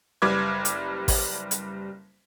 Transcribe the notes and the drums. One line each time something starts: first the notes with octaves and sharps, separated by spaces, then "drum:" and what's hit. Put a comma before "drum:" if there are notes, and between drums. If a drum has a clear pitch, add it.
F#1 G3 B4 D6 G#6
drum: hi-hat
drum: kick G#1, open hi-hat
drum: hi-hat